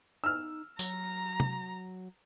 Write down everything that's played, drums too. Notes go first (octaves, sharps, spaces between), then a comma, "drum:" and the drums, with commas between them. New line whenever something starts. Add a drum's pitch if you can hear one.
D#4 E6 F6
F#3 A#5, drum: tambourine
drum: tom